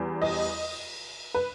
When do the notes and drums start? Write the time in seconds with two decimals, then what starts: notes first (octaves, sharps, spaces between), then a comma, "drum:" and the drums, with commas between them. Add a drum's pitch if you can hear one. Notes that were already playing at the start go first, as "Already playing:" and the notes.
Already playing: E2 G3
0.22 D#5, drum: cymbal
1.34 B4